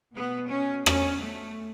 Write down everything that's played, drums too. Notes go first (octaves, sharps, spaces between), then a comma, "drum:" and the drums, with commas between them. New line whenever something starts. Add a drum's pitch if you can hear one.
B2 B3
C#4
C#4, drum: rim click
A3